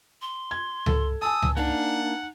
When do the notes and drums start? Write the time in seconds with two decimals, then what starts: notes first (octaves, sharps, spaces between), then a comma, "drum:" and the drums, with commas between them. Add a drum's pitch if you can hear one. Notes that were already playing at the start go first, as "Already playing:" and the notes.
0.22 C6
0.51 G#6
0.86 A4, drum: tom C#2
1.22 G#5 A5 D#6 E6
1.42 drum: tom C#2
1.57 A#3 D4 D#4 F#5